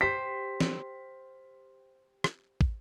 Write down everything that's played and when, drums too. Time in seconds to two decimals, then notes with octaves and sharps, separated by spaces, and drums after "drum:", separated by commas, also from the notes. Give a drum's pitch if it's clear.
0.01 G4 C5 B6
0.61 drum: snare
2.24 drum: rim click
2.61 drum: kick